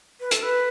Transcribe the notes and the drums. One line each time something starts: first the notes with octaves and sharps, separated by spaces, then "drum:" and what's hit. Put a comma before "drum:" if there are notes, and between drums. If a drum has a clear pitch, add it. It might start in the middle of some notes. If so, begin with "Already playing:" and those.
B4
A4, drum: hi-hat
B4